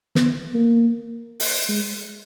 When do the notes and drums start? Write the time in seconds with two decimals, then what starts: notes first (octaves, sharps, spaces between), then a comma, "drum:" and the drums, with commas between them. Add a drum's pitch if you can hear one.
0.15 B3, drum: snare
0.54 A#3
1.40 drum: open hi-hat
1.68 G#3